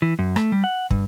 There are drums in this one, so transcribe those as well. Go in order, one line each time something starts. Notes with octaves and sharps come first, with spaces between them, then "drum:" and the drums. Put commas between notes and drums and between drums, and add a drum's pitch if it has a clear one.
E3
F#2
A3, drum: rim click
G3
F#5
G2, drum: kick